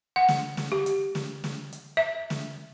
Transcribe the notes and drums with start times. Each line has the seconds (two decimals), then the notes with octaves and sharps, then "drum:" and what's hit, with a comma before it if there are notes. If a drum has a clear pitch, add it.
0.16 F#5
0.28 drum: snare
0.57 drum: snare
0.72 G4
0.86 drum: hi-hat
1.15 drum: snare
1.44 drum: snare
1.72 drum: hi-hat
1.97 E5
2.30 drum: snare